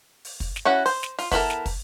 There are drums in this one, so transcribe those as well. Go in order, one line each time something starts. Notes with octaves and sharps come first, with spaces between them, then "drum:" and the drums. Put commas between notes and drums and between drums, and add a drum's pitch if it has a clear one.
drum: open hi-hat
drum: kick, open hi-hat
drum: snare
C#4 E4 F#4 F#5
C5, drum: open hi-hat
drum: snare
F4, drum: open hi-hat
B3 E4 A4 A#4, drum: kick, open hi-hat
drum: snare
drum: kick, open hi-hat